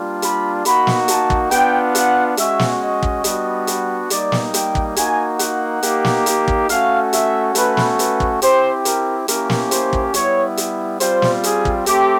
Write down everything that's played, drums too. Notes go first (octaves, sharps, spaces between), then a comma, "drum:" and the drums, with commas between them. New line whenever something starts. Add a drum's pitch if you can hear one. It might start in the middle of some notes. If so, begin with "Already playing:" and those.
Already playing: G3 A#3 D4 F4
B5, drum: hi-hat
A#3 D#4 F#4 B5, drum: hi-hat
drum: snare
A5, drum: hi-hat
drum: kick
B3 D4 F4 G5, drum: hi-hat
F#5, drum: hi-hat
G#3 C#4 F#4 E5, drum: hi-hat
drum: snare
D#5
drum: kick
G3 B3 D4 F#4, drum: hi-hat
drum: hi-hat
G3 A#3 D#4 D5, drum: hi-hat
drum: snare
G5, drum: hi-hat
drum: kick
A#3 D#4 F#4 G#5, drum: hi-hat
F#5, drum: hi-hat
A#3 D#4 G4, drum: hi-hat
drum: snare
drum: hi-hat
drum: kick
A3 C#4 F#4 F5, drum: hi-hat
E5, drum: hi-hat
A3 C#4 F#4 B4, drum: hi-hat
drum: snare
B4, drum: hi-hat
drum: kick
C4 E4 G4 C5, drum: hi-hat
A#4, drum: hi-hat
A#3 C#4 E4 G4 A#4, drum: hi-hat
drum: snare
C5, drum: hi-hat
drum: kick
G3 B3 E4 C#5, drum: hi-hat
drum: hi-hat
G3 C4 F4 C5, drum: hi-hat
drum: snare
G#4, drum: hi-hat
drum: kick
A3 C4 G4, drum: hi-hat